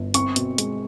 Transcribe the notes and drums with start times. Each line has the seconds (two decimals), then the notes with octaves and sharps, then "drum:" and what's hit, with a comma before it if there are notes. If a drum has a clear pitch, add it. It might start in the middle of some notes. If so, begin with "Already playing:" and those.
Already playing: G1
0.14 C4 C#6, drum: hi-hat
0.36 B2, drum: hi-hat
0.58 G#3, drum: hi-hat